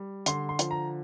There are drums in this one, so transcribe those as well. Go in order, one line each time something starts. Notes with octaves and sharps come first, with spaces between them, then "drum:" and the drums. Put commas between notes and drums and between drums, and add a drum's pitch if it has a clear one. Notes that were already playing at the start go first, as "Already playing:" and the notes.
Already playing: G3
D3 C6, drum: hi-hat
C6
F3, drum: hi-hat
A#5